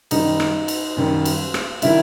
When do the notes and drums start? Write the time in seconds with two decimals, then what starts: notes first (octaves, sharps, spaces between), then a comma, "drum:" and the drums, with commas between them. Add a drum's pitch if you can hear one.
0.11 F#2 D#3 G3 D#4, drum: cymbal
0.40 drum: rim click
0.68 drum: cymbal
0.96 F#2 D#3 G3
1.25 drum: cymbal
1.54 drum: rim click
1.82 D#3 G3 E4, drum: cymbal